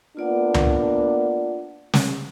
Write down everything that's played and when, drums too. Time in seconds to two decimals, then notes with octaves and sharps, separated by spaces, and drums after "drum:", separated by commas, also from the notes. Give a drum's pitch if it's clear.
0.17 A#3 B3 D4 F4 D5 F#5
0.54 drum: tom C#2
1.93 drum: snare